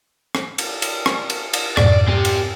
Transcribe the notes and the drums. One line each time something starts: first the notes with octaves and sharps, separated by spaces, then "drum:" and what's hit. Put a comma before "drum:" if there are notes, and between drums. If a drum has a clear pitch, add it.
drum: rim click
drum: cymbal
drum: cymbal
drum: rim click
drum: cymbal
drum: cymbal
F2 G#2 B2 D5, drum: rim click
C4 G4
drum: cymbal